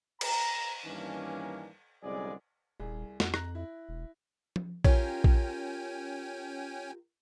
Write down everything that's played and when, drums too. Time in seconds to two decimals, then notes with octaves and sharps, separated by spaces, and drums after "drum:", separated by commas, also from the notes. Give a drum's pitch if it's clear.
0.21 A#5, drum: cymbal
0.86 G2 D#3 E3 A#3 C#4 D4
2.03 C2 F#2 D3 G#3 G#4 D5
2.80 D#1 C2 G#4
3.20 F2 F#4, drum: snare
3.34 A#5 F#6 A#6, drum: rim click
3.55 E4
3.89 E1
4.56 drum: tom F3
4.85 C#4 F4 G4 A#4 C#5 G5 G#5, drum: kick A#1
5.24 drum: kick A#1